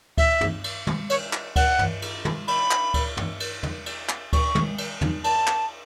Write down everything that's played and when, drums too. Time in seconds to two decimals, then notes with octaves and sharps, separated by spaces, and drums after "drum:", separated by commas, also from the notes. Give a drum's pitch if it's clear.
0.18 E5, drum: kick D2, cymbal
0.41 drum: tom
0.64 drum: cymbal
0.87 drum: tom
1.10 C#5, drum: cymbal
1.33 drum: clap
1.56 F#5, drum: kick D2, cymbal
1.79 drum: tom
2.02 drum: cymbal
2.25 drum: tom
2.48 B5, drum: cymbal
2.71 drum: clap
2.94 drum: kick D2, cymbal
3.17 drum: tom
3.40 drum: cymbal
3.63 drum: tom
3.86 drum: cymbal
4.09 drum: clap
4.33 C#6, drum: kick D2, cymbal
4.55 drum: tom
4.78 drum: cymbal
5.01 drum: tom
5.24 A5, drum: cymbal
5.47 drum: clap